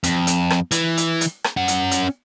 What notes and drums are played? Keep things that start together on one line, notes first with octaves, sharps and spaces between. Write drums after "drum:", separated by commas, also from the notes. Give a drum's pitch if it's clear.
F2, drum: hi-hat
drum: hi-hat
drum: rim click
E3, drum: hi-hat
drum: hi-hat
drum: hi-hat
drum: rim click
C#4 F#5
drum: hi-hat
drum: hi-hat